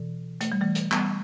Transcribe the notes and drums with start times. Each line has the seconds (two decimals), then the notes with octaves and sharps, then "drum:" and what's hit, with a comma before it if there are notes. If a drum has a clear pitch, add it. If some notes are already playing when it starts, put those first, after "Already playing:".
Already playing: B2 E3
0.41 A3, drum: hi-hat
0.52 G3
0.61 E3 A3
0.75 drum: hi-hat
0.92 G3 B3, drum: clap